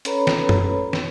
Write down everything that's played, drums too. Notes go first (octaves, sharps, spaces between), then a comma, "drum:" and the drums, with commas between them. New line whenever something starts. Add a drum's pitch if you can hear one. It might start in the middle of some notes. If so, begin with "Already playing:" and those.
C#4 A4 B4 C#5 A#5 B5, drum: hi-hat
drum: snare
drum: tom F#2
drum: snare